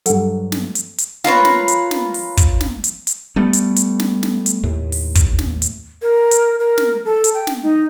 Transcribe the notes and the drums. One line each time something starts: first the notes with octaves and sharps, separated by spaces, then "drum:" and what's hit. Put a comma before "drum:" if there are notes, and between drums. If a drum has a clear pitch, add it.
G2 F#3 A4 F#5, drum: hi-hat
drum: snare
drum: hi-hat
drum: hi-hat
F4 A#4 B4 C#5, drum: snare
drum: snare
drum: hi-hat
drum: snare
drum: open hi-hat
drum: kick, hi-hat
drum: snare
drum: hi-hat
drum: hi-hat
G3 A3 B3
drum: hi-hat
drum: hi-hat
drum: snare
drum: snare
drum: hi-hat
D#2 A2
drum: open hi-hat
drum: kick, hi-hat
drum: snare
drum: hi-hat
A#4
drum: hi-hat
A#4
drum: snare
A4
drum: hi-hat
G5
drum: snare
D#4